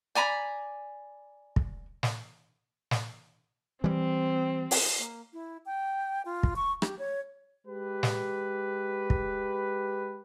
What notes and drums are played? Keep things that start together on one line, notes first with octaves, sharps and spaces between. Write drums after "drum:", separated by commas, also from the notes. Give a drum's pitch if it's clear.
D5 G#5 A#5 B5
drum: kick
drum: snare
drum: snare
E3 G3 C4
drum: open hi-hat
A#3
E4
G5
F4
drum: kick
C#6
G4, drum: rim click
C#5
G#3 G4 B4
drum: snare
drum: kick